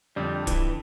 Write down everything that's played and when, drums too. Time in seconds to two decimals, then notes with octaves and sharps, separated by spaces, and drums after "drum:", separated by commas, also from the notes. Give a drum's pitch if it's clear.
0.16 F2 D3 G3
0.47 E3, drum: kick D1, hi-hat